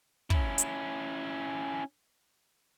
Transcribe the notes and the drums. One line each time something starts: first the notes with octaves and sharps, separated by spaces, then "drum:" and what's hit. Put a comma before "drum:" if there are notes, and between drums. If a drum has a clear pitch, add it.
C#4 E4, drum: kick
drum: hi-hat